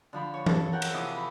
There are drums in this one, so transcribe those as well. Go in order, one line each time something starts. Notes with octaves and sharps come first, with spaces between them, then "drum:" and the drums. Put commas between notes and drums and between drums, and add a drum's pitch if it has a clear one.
D3 F3 B5
C#5
A4, drum: tom E3
A#4 F#5 G5
drum: cymbal
C3 E3 F3 D#6
B5